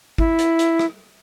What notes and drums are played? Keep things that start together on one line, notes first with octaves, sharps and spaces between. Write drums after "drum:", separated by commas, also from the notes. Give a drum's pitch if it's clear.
E4, drum: kick G#1
drum: hi-hat
drum: hi-hat
drum: rim click